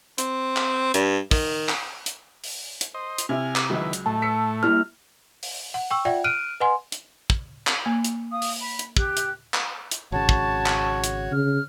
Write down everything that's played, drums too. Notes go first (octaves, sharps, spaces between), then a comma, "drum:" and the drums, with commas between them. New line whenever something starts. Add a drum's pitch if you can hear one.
C4, drum: hi-hat
drum: clap
G2, drum: hi-hat
D#3, drum: kick, open hi-hat
drum: clap
drum: hi-hat
drum: open hi-hat
drum: hi-hat
C5 D#5
drum: hi-hat
C3 E4 G#5 F6
drum: clap
C#2 D#3 F#3 E4 B4
drum: hi-hat
A2 A3 A5
E6 B6 C#7
G3 A#3 E4 F6
drum: open hi-hat
F#5
G5 C#6 E6
F4 D5 E5 F#5 G5
F6 F#6 D7 D#7
B4 D#5 F#5 G#5 C6
drum: hi-hat
drum: kick
drum: clap
A#3
drum: hi-hat
F5 D#6
drum: open hi-hat
B5
drum: hi-hat
G4 F#6, drum: kick
drum: hi-hat
drum: clap
drum: hi-hat
G#1 C#3 F#4 C#5 A5
drum: kick
drum: clap
drum: hi-hat
C#3 F6